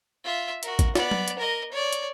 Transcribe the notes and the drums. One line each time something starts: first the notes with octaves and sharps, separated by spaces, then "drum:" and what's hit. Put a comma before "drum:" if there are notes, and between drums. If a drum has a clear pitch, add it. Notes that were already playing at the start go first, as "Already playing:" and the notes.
F4 E5
F#4 A#4, drum: hi-hat
drum: kick A1, hi-hat
B3 D5, drum: snare
drum: tom F#3
drum: hi-hat
A#4 D#5
C#5 D5
drum: hi-hat